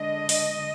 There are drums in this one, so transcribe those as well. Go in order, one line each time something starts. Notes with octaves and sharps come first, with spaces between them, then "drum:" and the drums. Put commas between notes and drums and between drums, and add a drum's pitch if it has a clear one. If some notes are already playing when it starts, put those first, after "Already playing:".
Already playing: D3 G#3 D4 D#5
drum: open hi-hat